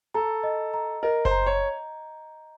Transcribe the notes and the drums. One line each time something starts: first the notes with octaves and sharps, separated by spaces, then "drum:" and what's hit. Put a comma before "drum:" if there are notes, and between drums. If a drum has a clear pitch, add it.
A4 A#5
D#5
A#5
A#4 D#5
C5, drum: kick F#1
A#5
C#5